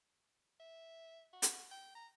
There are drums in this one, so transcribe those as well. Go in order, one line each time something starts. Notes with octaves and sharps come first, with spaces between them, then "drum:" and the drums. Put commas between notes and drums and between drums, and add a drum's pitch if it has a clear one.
E5
F#4
drum: hi-hat
G5
A#5